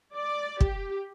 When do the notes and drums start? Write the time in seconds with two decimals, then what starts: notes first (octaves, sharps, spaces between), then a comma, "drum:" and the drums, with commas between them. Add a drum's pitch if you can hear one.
0.15 D5
0.61 G4, drum: kick